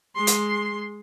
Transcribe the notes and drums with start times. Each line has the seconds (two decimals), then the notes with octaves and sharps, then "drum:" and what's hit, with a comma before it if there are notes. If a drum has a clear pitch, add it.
0.16 G#3 C6
0.27 drum: hi-hat